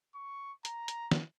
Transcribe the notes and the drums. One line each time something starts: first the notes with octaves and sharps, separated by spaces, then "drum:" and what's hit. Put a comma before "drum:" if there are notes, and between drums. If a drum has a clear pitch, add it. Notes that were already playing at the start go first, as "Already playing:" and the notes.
C#6
A#5, drum: hi-hat
drum: hi-hat
drum: snare